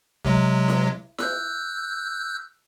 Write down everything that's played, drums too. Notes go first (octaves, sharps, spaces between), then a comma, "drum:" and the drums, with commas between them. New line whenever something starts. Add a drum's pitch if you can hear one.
C3 F#3 G#3, drum: kick
drum: snare E4
E6 F#6 G6, drum: snare E4